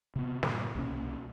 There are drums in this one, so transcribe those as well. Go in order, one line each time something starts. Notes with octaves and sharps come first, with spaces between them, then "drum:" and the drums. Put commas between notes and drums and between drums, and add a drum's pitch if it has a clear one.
C3 B3
G2 A#2, drum: snare
C2 B2 A#3 C#4